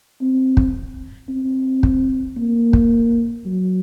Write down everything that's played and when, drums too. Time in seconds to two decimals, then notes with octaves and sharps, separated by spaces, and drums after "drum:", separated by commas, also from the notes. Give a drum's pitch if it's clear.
0.21 C4
0.57 drum: kick
1.29 C4
1.83 drum: kick
2.37 A#3
2.73 drum: kick
3.46 F#3